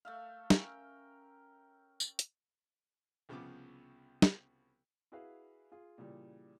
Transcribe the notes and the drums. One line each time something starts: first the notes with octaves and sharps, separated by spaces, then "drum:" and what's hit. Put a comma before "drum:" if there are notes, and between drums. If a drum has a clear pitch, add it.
A3 E5 F5
C#4 A#4 G5, drum: snare
drum: tambourine
drum: hi-hat
C2 C#3 F3 B3 D6
drum: snare
E4 F#4 G#4 B4 E5 F5
F4 G#4
A#2 C#3 E3 G3